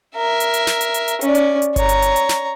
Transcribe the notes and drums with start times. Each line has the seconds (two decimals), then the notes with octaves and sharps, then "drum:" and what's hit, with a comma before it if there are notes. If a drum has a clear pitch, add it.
0.16 A#4 E5
0.40 drum: hi-hat
0.54 drum: hi-hat
0.67 drum: snare
0.81 drum: hi-hat
0.94 drum: hi-hat
1.08 drum: hi-hat
1.21 C#4 D5, drum: hi-hat
1.35 drum: hi-hat
1.62 drum: hi-hat
1.76 C#5 A#5, drum: kick G1, hi-hat
1.89 drum: hi-hat
2.02 drum: hi-hat
2.16 drum: hi-hat
2.29 drum: snare